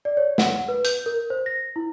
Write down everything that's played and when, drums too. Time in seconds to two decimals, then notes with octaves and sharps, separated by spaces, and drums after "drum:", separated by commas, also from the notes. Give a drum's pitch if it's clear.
0.05 D5
0.17 C#5
0.38 F#5, drum: snare
0.68 B4
0.85 G6, drum: hi-hat
1.06 A#4
1.30 C5
1.46 A#6
1.76 E4